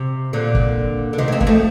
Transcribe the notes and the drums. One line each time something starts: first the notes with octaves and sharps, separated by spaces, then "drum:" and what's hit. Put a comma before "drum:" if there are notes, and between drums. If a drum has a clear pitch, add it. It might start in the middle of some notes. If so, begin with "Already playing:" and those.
Already playing: C3
A#2 D3
drum: kick
D3
C3 D#3
A#3
A3 C4
A#3, drum: kick
F3 A3